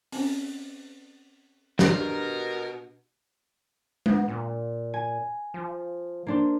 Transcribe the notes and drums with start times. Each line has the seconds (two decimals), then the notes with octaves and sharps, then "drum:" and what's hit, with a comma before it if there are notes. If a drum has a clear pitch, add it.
0.12 C4 C#4, drum: open hi-hat
1.79 B2 D4 F#4 G4 A#4 D5, drum: snare
4.06 B3, drum: tom G#3
4.28 A#2
4.94 G#5
5.54 F3
6.27 A#3 D4 C5